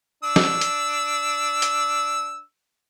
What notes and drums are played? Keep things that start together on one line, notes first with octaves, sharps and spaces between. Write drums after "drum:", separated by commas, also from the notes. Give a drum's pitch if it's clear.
D4 E6
drum: snare
drum: hi-hat
drum: hi-hat